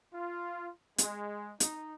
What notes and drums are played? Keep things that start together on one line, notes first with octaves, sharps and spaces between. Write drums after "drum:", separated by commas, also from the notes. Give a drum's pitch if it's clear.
F4
G#3, drum: hi-hat
D#4, drum: hi-hat